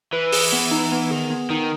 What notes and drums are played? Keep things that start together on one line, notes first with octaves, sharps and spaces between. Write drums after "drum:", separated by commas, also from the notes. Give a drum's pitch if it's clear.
E3 B4
G#4, drum: open hi-hat
B3
D#4
B3
D#3 G#4
B3
D#3 D#4